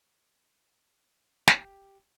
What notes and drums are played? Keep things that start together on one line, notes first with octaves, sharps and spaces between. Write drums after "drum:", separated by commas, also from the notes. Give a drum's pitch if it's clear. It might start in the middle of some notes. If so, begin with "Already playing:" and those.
G4 G5, drum: snare